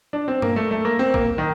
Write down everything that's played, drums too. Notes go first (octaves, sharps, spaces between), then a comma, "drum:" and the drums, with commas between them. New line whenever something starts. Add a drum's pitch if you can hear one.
D4
C4
A#3, drum: tom G2
A3
A3
A#3
C4
A#3, drum: kick A1
D#3